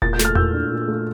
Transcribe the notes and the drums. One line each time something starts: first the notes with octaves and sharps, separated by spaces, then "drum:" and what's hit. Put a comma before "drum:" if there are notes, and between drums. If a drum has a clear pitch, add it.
A#2 A6, drum: kick E1
G6
A3, drum: snare
F6
A#2 E6 G6, drum: tom E2
D4
A#2
A3